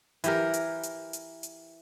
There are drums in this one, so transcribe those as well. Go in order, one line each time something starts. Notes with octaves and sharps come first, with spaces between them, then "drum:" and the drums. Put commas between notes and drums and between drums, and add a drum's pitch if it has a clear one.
E3 G4 A#4, drum: hi-hat
drum: hi-hat
drum: hi-hat
drum: hi-hat
drum: hi-hat